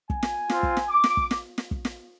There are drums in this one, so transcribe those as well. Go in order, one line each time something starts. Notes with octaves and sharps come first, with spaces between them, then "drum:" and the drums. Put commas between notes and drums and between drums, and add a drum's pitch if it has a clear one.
G#5, drum: kick
drum: snare
C4 F4, drum: snare
drum: kick
drum: snare
D6
drum: snare
drum: kick
drum: snare
drum: snare
drum: kick
drum: snare